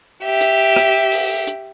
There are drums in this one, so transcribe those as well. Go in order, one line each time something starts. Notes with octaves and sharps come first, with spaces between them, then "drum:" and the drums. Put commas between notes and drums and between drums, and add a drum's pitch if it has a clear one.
G4 E5
drum: hi-hat
drum: rim click
drum: open hi-hat
drum: hi-hat